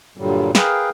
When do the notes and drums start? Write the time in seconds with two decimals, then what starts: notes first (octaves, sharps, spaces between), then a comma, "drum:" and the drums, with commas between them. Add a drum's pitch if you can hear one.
0.18 G2 A#2 D3 F#3 G3
0.55 G#4 A#4 B4 F5 G5, drum: snare